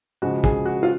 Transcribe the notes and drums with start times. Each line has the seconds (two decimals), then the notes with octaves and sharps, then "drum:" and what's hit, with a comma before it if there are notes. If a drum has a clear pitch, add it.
0.22 C#3 F3 G#3 F#4
0.44 G#4, drum: kick
0.65 F#4
0.83 F4